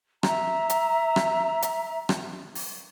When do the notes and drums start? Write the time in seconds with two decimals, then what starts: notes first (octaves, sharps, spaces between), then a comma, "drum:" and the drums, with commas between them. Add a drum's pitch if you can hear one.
0.23 E5 A#5, drum: rim click
0.70 drum: hi-hat
1.16 drum: rim click
1.62 drum: hi-hat
2.09 drum: rim click
2.55 drum: open hi-hat